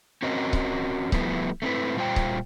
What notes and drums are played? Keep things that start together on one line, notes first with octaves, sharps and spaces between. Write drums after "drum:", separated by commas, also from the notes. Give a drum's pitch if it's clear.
C4 C#4 F#4 A#4 D#5
drum: kick C#1
F3 G3 A3 B3 E4, drum: kick C#1
A3 C4 E4 B4
A#2 G3 F4 C5 G5
drum: kick C#1